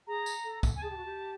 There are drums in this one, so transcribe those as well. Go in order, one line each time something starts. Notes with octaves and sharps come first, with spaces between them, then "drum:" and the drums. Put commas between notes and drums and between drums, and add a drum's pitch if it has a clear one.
G#4 A#5
drum: tambourine
A4
drum: kick A#1, tambourine
G#5
G#4 A5
G4
F#4
G4